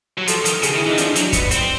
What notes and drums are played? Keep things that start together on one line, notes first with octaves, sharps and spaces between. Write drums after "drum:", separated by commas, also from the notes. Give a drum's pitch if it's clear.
F#3
F3 A4, drum: hi-hat
D#3, drum: hi-hat
C#3 G#4, drum: hi-hat
D#3 E4
E3 D#4
F#3
F3 D4, drum: hi-hat
F#3, drum: hi-hat
B3, drum: kick, hi-hat
C4, drum: hi-hat